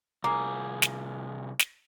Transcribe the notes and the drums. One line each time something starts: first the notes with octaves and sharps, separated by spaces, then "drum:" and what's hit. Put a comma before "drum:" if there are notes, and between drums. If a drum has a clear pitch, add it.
C2 A#3 G#4
drum: snare
drum: snare